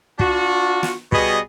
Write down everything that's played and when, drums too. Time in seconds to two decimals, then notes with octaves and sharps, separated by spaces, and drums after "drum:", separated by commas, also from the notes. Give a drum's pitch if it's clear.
0.19 D4 F4 F#4, drum: kick
0.83 drum: snare
1.12 B2 G3 B3 G#4 D#5, drum: kick